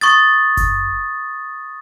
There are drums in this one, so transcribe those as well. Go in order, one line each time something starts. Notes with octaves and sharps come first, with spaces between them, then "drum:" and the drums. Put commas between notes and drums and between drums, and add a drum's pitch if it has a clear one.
C#6 D#6 A6
drum: kick F#1, hi-hat